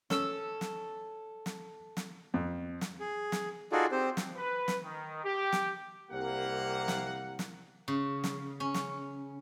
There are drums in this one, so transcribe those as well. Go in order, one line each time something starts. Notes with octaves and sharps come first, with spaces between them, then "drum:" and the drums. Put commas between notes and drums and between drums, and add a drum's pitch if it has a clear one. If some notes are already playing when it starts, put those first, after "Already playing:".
C#4 A4 E6, drum: snare
drum: snare
drum: snare
drum: snare
F2
drum: snare
G#4
drum: snare
D#4 F4 F#4 G#4 A4 D5
C4 G4 C5
drum: snare
B4
drum: snare
D#3
G4
drum: snare
C2 A#3 G4 F#5
drum: snare
drum: snare
C#3
drum: snare
C#4
drum: snare